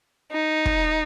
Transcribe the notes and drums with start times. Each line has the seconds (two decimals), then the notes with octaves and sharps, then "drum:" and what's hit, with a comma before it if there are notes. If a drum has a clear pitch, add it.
0.32 D#4
0.66 drum: kick